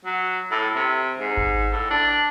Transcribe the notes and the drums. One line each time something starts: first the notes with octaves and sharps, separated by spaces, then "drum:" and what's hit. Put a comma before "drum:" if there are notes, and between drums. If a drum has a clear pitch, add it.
F#3
A2
C3
G#2
drum: kick G#1
A2
D4